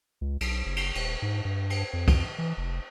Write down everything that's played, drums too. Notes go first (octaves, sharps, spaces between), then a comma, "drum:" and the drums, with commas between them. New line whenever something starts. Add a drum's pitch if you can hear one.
C#2
B1, drum: cymbal
F#1
drum: cymbal
D#1, drum: cymbal
G#2
G2
drum: cymbal
F2
drum: kick C2, cymbal
E3
F1